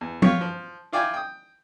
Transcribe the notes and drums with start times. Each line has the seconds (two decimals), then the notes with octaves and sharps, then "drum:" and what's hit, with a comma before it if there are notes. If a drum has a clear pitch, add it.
0.01 E2
0.22 F4 G4 C#5, drum: tom
0.41 F3
0.93 E4 F4 D5 G5 G#5
1.14 G5 D#6